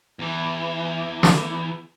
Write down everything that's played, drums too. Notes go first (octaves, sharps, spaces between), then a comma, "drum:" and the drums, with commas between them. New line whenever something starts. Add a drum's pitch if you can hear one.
E2 E3
drum: snare